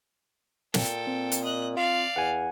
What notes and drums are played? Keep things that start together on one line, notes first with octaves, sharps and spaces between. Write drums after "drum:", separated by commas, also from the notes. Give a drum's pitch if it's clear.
A#2 A4 G5, drum: snare
C4
drum: hi-hat
D#5 F#6
F4 D5 F5
E2 F#5 G#5